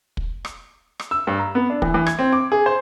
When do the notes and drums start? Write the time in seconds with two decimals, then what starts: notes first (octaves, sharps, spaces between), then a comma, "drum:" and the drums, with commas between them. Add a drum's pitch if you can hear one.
0.17 drum: kick
0.45 drum: rim click
1.00 drum: rim click
1.11 E6
1.27 G2
1.39 A#5
1.55 B3
1.70 D4
1.82 E3, drum: kick
1.94 E3
2.06 G#6, drum: rim click
2.19 C4
2.33 D6
2.52 G#4
2.66 C5